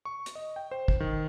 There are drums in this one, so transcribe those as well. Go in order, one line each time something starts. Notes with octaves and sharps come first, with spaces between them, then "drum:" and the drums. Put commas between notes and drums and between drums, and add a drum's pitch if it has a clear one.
C#6
drum: hi-hat
D#5
G5
C5
drum: kick
D#3